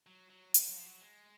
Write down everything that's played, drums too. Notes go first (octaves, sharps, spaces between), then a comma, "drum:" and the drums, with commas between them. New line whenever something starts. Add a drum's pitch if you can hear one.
F#3
F#3
F#3, drum: hi-hat
F#3
F3
F#3
G#3